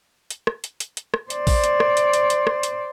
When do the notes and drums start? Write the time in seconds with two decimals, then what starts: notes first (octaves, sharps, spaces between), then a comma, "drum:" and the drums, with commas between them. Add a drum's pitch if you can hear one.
0.30 drum: hi-hat
0.47 drum: rim click
0.64 drum: hi-hat
0.80 drum: hi-hat
0.97 drum: hi-hat
1.14 drum: rim click
1.30 C5 D5, drum: hi-hat
1.47 drum: kick, open hi-hat
1.64 drum: hi-hat
1.80 drum: rim click
1.97 drum: hi-hat
2.13 drum: hi-hat
2.30 drum: hi-hat
2.47 drum: rim click
2.63 drum: hi-hat